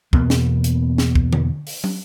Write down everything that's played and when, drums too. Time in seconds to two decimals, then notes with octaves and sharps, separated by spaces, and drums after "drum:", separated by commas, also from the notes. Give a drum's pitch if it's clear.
0.13 E2 B2 A#3 B3, drum: kick
0.30 drum: snare
0.64 drum: hi-hat
0.98 drum: snare
1.15 drum: kick
1.33 drum: tom D3
1.67 drum: open hi-hat
1.84 drum: tom